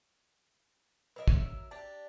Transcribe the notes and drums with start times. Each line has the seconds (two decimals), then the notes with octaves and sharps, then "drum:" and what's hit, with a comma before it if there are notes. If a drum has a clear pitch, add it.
1.16 F#3 A#4 B4 D#5 E5
1.28 drum: kick
1.71 D4 G4 A5